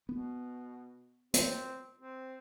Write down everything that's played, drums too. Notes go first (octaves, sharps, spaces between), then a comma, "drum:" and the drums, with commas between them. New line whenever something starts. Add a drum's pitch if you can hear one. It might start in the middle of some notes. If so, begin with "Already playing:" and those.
B2 B3
C4, drum: hi-hat
C4